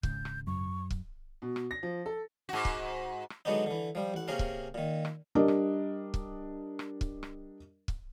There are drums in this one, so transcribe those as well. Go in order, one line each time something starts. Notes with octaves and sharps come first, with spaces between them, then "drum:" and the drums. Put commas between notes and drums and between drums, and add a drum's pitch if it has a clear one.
G#1 G#2 C#3 G6, drum: kick
drum: rim click
F#2 C#6
drum: kick
B2
drum: rim click
A#6
F3
A4
G#2 F#4
drum: kick
drum: rim click
D3 F#3 G#3 B3 D4 D#4
D3 E3
F3 G3
A1 F#5
C3 A#3 C#4 G#4 A#4
drum: kick
A#2 D#3
drum: rim click
G3 D4 A#4 D#5
drum: rim click
drum: kick
drum: rim click
drum: kick
drum: rim click
drum: kick